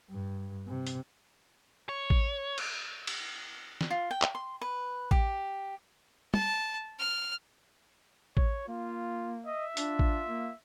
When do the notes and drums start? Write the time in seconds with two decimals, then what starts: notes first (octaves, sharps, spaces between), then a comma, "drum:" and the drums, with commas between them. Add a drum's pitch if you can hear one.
0.11 G2
0.68 C3
0.87 drum: hi-hat
1.89 C#5
2.10 drum: kick A1
2.58 drum: cymbal
3.07 drum: cymbal
3.81 drum: snare
3.91 F4
4.11 G5
4.22 drum: clap
4.35 C6
4.61 B4
5.11 G4, drum: kick A1
6.34 A5, drum: tom
6.99 F6
8.37 C#5, drum: kick A1
8.68 A#3 F4
9.46 D#5 E5
9.77 D4 F4, drum: hi-hat
9.99 drum: kick A1
10.27 A#3